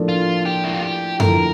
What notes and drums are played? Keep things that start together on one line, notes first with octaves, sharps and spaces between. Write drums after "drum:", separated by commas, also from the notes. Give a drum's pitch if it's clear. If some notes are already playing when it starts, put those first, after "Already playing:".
Already playing: A2 F3 A#3 D4 A4
F4
G4
E4
F4
G4
D3 F3 A3 E4 A4 A#4, drum: tom F#2